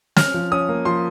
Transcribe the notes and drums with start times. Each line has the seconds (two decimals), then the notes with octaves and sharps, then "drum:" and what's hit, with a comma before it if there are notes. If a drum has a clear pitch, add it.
0.16 C#4 F6, drum: snare
0.34 F3
0.52 C#4 D#6
0.69 A#3
0.85 F3 C6